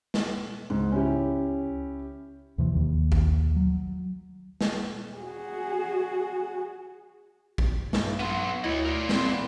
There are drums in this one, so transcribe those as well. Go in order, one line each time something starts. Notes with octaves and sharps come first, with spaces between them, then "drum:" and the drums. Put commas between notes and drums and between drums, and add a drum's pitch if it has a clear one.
drum: snare
C#2 G#2
C#4 E4 G4
D#2 C3 E3
D#2 D#3
drum: kick A#1
F#3
drum: snare
F#4 G#4
drum: kick A#1
G2 D#4 E4, drum: snare
F#3 B3 F4
D2 E4 C#5 D#5
A#4 D5
B3 C4 F4 F5, drum: snare
E3 B3